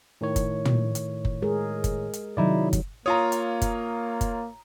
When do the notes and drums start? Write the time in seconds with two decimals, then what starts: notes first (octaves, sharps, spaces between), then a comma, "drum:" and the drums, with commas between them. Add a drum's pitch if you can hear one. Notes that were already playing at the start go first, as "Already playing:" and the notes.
0.21 A2 D#3 C#5
0.36 drum: kick F#1, hi-hat
0.65 drum: tom
0.95 drum: hi-hat
1.25 drum: kick F#1
1.42 G#3 G#4 A#4
1.84 drum: kick F#1, hi-hat
2.13 drum: hi-hat
2.37 C3 D#3 F#3 D#4 E4 D5
2.73 drum: kick F#1, hi-hat
3.06 A#3 F4 C#5 A#5 D#6
3.32 drum: hi-hat
3.61 drum: kick F#1, hi-hat
4.21 drum: kick F#1, hi-hat